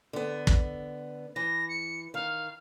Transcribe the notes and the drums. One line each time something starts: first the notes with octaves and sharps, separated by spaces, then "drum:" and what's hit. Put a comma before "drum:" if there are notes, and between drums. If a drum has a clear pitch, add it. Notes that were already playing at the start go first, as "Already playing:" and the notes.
D3 B3
drum: kick
E3 A#6
C#7
D#3 F5